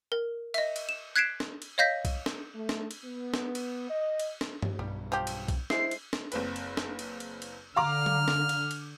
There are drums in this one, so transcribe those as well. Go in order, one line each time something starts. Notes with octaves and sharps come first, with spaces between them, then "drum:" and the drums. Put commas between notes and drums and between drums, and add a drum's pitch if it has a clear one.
A#4
D#5 E5, drum: cymbal
drum: cymbal
E7
F#6 G#6 B6 C7 D7 E7
drum: snare
drum: cymbal
C#5 D#5 F5 G6 A#6 B6
drum: kick B1, cymbal
drum: snare
A3
drum: snare
drum: cymbal
B3
drum: snare
drum: cymbal
D#5
drum: cymbal
drum: snare
drum: tom G2
B1 G2 G3
F3 G4
drum: cymbal
drum: kick B1, cymbal
G#3 E4 C5 C7, drum: snare
drum: cymbal
drum: snare
F#1 C4 B4, drum: cymbal
drum: cymbal
drum: snare
drum: cymbal
drum: cymbal
drum: cymbal
D3 F5 A#5 D6 F6
drum: tom F#3
drum: snare
drum: cymbal
drum: cymbal